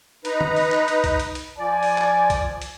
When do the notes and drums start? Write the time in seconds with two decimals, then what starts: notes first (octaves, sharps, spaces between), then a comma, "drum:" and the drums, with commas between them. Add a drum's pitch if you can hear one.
0.25 D#4 B4 A#5, drum: hi-hat
0.41 drum: tom D#3
0.56 drum: open hi-hat
0.72 drum: clap
0.88 drum: hi-hat
1.04 drum: kick B1, hi-hat
1.19 drum: hi-hat
1.35 drum: hi-hat
1.58 F3 D5 G#5
1.83 drum: open hi-hat
1.98 drum: clap
2.30 drum: kick B1, hi-hat
2.62 drum: hi-hat